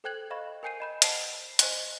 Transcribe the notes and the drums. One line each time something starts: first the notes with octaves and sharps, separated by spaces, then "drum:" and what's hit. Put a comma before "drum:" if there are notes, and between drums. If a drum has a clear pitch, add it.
A4 C5 G5 F#6 G#6 F#7
C5 D#5 F5 B5 C#6
A#4 G5 G#5 G6 C7 D#7
D#5 B5 G6
C5 D#5 F#5 A5 B5 C7, drum: hi-hat
C5 D#5 G#5 F#6 G7, drum: hi-hat